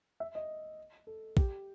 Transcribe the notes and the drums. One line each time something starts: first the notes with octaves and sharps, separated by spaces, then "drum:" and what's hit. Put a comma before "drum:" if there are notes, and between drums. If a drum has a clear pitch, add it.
E5
D#5
A4
G4, drum: kick